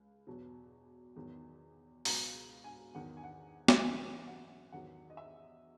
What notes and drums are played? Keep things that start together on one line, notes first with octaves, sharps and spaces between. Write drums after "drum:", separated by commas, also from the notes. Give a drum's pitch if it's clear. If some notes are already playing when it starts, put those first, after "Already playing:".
Already playing: C#2
E2 B2 F#3
E2 D#3 F#3
C#2 B2 F#3 A#5, drum: open hi-hat
G#5
E2 D#3 F#3 F#5
G#5
F#5
drum: snare
F#2 E3 G#5
F#5
E2 D#3 F#3 F#5
D#5
E5